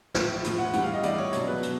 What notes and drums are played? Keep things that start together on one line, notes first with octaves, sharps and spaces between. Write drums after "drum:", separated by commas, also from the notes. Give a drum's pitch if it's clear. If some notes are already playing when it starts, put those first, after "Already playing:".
A2 F3, drum: snare
A2 F3, drum: hi-hat
F#5
A2 E3 G3 F#5, drum: hi-hat
F5
D#5
A2 E3 G3 D5, drum: hi-hat
C#5
B2 F#3 C#5, drum: hi-hat
B4
B2, drum: hi-hat